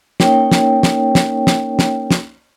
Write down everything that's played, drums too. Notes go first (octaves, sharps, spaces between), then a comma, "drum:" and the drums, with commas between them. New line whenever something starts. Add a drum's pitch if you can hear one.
A#3 C#4 D#4 A#4 C#5 G5, drum: snare
drum: snare
drum: snare
drum: snare
drum: snare
drum: snare
drum: snare